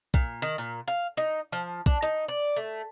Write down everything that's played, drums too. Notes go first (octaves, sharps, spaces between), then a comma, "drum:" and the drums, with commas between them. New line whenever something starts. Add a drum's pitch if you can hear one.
A#2, drum: kick
D#3
A#2
F5
D#4
F3
D4, drum: kick
D#4
D5
A3